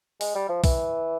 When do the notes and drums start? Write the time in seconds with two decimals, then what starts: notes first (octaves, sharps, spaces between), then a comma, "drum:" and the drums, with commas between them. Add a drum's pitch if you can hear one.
0.21 G#3, drum: open hi-hat
0.35 G3
0.49 F3
0.64 E3, drum: kick, open hi-hat